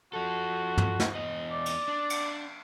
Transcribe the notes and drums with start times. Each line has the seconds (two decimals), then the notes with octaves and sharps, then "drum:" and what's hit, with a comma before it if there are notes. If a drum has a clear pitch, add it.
0.13 F3 F#4 A4
0.78 drum: tom
1.00 drum: snare
1.15 E2 D#5
1.51 D5
1.66 drum: cymbal
1.88 D4
2.10 drum: cymbal